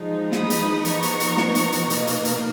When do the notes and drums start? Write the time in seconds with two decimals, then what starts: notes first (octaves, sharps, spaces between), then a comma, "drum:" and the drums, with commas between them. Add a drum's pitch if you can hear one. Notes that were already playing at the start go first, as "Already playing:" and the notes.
Already playing: F3 G#3 D#4
0.32 B5 D#6, drum: snare
0.50 drum: hi-hat
0.85 F3 B3 D#4 A#5 C#6, drum: hi-hat
1.02 drum: hi-hat
1.20 drum: hi-hat
1.37 drum: snare
1.55 drum: hi-hat
1.72 drum: hi-hat
1.90 B2 A#3 D#4 B4 D#5, drum: hi-hat
2.07 drum: hi-hat
2.25 drum: hi-hat